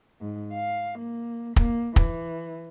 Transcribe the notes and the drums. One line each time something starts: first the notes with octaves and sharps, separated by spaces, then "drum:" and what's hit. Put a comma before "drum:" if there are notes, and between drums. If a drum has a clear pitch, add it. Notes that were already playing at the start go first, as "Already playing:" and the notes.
G#2
F5
A#3
A#3, drum: kick
E3, drum: kick